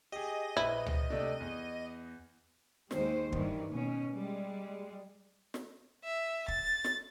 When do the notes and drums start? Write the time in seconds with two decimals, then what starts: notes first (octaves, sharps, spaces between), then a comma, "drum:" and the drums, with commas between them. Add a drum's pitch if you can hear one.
0.12 G4 G#4 D#5
0.57 A#1 E4 B4
0.86 drum: tom C#2
1.10 C3 A3 D4
1.40 E2
2.91 D#2 D#3 G#3 C5, drum: snare
3.32 G2 D#3 E3, drum: kick
3.71 B2 C#4
4.12 G3 G#3
5.54 drum: snare
6.04 E5
6.48 A6, drum: kick
6.84 drum: snare